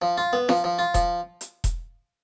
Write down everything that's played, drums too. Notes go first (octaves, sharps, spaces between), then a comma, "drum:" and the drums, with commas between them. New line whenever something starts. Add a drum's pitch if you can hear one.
F3
F4
B3
F3, drum: snare F4
F3
F4
F3, drum: kick E1, hi-hat
drum: hi-hat
drum: kick E1, hi-hat